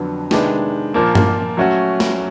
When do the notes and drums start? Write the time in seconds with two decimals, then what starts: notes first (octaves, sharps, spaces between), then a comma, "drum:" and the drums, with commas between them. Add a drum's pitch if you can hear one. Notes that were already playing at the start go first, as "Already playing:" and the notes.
Already playing: F2 D3 F#3 B3
0.31 C3 D#3 G#3 B3 D4, drum: snare
0.94 A#2 F3 A#3
1.15 drum: tom G2
1.57 F#3 A3 C#4 F#4
2.00 drum: snare